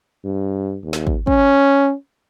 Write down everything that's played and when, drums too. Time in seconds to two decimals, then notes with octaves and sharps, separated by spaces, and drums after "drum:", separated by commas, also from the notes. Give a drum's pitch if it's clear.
0.25 G2
0.83 D#2
0.93 drum: snare
1.07 drum: kick
1.27 C#4, drum: kick